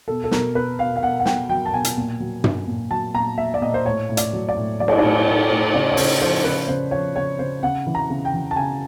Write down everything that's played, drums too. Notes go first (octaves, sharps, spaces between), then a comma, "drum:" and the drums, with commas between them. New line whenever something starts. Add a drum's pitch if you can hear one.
B2 A4
A4
B2 A#4, drum: snare
B2 B4
B2 F5
F5
B2 F#5
F#5
B2 G5, drum: snare
F#3 G5
A5
B2 G#5
drum: hi-hat
A#2
F#3
F#3, drum: tom
A#2
F#3 A5
A#2 A#5
A#2 E5
D5
A#2 D#5
C5
A2 C#5
A2
D5, drum: hi-hat
F#3
D5
A2
F#3 D5
C#5, drum: cymbal
A2 D5
A2
A2
C#3 D5
C#5
C#3 C5, drum: open hi-hat
F3 C5
C#3 B4
C#3 C5
F3 C#5
C#3 C#5
C#3 C5
C#3 F#5
E3
A#5
C#3
G5
E3
A5
C#3 G#5